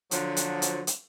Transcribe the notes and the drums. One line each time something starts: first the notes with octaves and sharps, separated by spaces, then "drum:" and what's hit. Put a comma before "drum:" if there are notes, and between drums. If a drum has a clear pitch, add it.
D3 F3 F#3, drum: hi-hat
drum: hi-hat
drum: hi-hat
drum: hi-hat